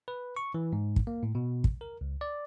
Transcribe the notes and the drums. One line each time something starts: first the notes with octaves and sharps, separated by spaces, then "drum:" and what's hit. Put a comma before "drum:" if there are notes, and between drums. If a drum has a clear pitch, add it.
B4
C#6
E3
G#2
drum: kick
A#3
A2
B2
drum: kick
A#4
C#2
D5